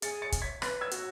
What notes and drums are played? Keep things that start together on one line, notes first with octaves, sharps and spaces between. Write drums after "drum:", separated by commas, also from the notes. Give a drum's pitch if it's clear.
G#4 A6 C#7, drum: hi-hat
A6 C#7
drum: kick, hi-hat
G#6 B6
B4 F#6 A6, drum: rim click
E6 G#6
F#4, drum: hi-hat